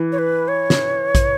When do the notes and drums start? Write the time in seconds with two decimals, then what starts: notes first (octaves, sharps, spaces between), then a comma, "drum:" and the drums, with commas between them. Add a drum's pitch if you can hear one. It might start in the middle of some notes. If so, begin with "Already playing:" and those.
Already playing: E3
0.12 C#5
0.18 B4
0.48 C#5
0.70 drum: snare
1.15 drum: kick A#1, hi-hat